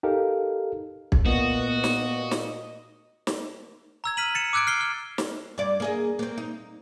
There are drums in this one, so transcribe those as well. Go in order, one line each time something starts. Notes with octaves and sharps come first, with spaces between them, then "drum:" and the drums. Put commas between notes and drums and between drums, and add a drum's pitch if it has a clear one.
D#4 G4 A4 A#4 F5
drum: kick
A#2 B3 F#4 D#5
drum: snare
drum: snare
drum: snare
A#5 E6 G#6
F6 B6 D#7 F#7
A6 C#7 E7
D6 E6 F#6 G#6 D7
F6 C7 G7
F6
drum: snare
G2 D5
A#3 G#4 D#5
A#3 C4
D#4